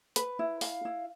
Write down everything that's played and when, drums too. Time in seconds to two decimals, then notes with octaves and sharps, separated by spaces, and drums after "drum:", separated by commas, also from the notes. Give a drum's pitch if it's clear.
0.16 B4, drum: hi-hat
0.39 E4
0.61 F5, drum: open hi-hat
0.85 E4